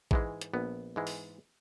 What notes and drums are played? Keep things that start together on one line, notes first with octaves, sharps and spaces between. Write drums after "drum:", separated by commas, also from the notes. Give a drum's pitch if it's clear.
G#2 E3 G#3, drum: kick A1
drum: hi-hat
A#1 B3
G#2 E3 G#3
drum: open hi-hat